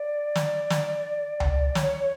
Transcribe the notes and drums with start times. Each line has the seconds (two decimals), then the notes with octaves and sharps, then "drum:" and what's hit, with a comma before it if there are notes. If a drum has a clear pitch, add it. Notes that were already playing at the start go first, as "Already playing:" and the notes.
Already playing: D5
0.35 drum: snare
0.70 drum: snare
1.40 drum: tom C#2
1.75 C#5, drum: snare